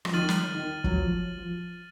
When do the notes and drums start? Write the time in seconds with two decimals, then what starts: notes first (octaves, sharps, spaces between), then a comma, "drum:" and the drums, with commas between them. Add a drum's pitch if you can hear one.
0.05 F3, drum: rim click
0.14 D#3 F6 A6 D#7 F#7
0.29 drum: snare
0.55 D#3
0.84 F#3, drum: kick
0.96 F3
1.38 F3